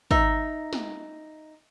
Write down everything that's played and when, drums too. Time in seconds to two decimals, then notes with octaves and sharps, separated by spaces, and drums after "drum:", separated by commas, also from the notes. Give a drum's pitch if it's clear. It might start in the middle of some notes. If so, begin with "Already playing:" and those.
0.11 D#4 E5, drum: kick
0.73 drum: snare